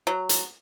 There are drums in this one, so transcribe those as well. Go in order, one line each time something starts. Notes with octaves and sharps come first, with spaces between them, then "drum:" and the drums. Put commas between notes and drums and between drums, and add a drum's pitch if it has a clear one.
F#3
drum: hi-hat